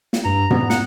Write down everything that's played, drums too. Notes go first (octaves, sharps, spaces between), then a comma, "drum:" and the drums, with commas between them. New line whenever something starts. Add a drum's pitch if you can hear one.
drum: snare
G2 A#5
B3, drum: tom
F#5, drum: snare